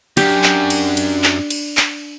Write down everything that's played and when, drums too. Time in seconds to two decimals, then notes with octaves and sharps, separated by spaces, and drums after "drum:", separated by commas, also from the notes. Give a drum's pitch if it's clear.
0.17 F#2 D4 G4, drum: cymbal
0.44 drum: clap
0.70 drum: cymbal
0.97 drum: cymbal
1.24 drum: clap
1.50 drum: cymbal
1.77 drum: clap